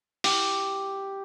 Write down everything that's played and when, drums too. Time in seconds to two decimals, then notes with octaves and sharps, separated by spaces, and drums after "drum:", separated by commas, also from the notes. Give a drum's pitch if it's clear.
0.24 G4, drum: open hi-hat